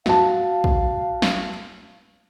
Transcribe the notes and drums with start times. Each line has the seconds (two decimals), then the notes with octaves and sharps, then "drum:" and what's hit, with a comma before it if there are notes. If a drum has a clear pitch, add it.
0.06 F#4 F5 A5, drum: snare
0.64 drum: kick
1.22 drum: snare